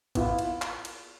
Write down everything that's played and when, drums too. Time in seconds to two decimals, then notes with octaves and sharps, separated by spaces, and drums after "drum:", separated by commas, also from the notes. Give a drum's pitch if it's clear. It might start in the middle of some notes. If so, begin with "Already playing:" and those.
0.15 B3 E4 F4, drum: kick, cymbal
0.39 drum: cymbal
0.62 drum: clap
0.85 drum: cymbal